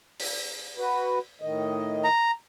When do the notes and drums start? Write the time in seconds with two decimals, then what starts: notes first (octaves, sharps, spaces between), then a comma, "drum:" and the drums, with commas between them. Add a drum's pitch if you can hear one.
0.20 drum: open hi-hat
0.78 F#4 B4
1.42 A2 D#3 D#5
2.04 A#5